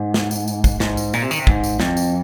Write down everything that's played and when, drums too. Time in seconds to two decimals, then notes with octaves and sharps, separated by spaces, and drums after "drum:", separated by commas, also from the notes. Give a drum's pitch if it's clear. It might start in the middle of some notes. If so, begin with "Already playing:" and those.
Already playing: G#2
0.14 drum: snare
0.31 drum: tambourine
0.48 drum: tambourine
0.64 drum: kick, tambourine
0.80 G#2, drum: snare
0.97 drum: tambourine
1.13 A#2, drum: tambourine
1.22 C3
1.31 D#3, drum: tambourine
1.39 C3
1.47 G#2, drum: kick
1.64 drum: tambourine
1.80 F2, drum: snare
1.97 drum: tambourine